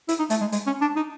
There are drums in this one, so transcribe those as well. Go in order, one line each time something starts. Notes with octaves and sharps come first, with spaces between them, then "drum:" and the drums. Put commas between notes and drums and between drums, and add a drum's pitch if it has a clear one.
E4, drum: hi-hat
D#4
A3, drum: hi-hat
G#3
G#3, drum: hi-hat
C#4
D4
D#4